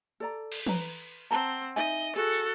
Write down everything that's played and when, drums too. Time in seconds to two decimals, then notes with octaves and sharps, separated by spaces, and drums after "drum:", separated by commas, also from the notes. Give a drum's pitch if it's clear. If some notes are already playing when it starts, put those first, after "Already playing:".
0.20 A4 D5 A#5
0.52 drum: cymbal
0.66 B4 A#5, drum: tom E3
1.31 C4 F#5 A5 A#5
1.76 D#4 D#5 E5 G#5
2.16 F#4 G#4 A4, drum: hi-hat
2.33 drum: tambourine